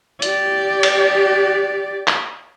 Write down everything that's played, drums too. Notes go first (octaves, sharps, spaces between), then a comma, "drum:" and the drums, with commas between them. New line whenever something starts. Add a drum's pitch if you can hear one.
G4 D5, drum: hi-hat
drum: cymbal
drum: clap